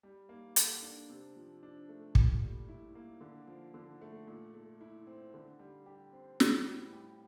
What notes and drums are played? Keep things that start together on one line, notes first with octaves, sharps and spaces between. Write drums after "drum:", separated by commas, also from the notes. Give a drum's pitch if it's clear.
G3
A#3
A4, drum: hi-hat
D4
C3
F3
D4
A3
A#2, drum: kick
G3
E4
A#3
D3
F3
D3
A3
A#2
A3
E4
C4
D3
G3
G4
C4
A2, drum: snare
G3
G4